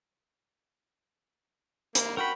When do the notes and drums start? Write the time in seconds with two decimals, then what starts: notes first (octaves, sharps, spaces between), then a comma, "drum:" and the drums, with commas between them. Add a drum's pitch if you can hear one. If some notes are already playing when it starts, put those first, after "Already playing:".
1.95 A#3, drum: hi-hat
2.17 F#4 A#4 G5 B5